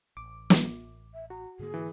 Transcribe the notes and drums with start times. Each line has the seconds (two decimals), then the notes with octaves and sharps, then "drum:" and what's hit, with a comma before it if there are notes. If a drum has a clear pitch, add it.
0.17 A1 D6
0.50 drum: snare
1.14 E5
1.30 F#4 A#5
1.59 G#2 D3 A#3 G#4
1.74 E3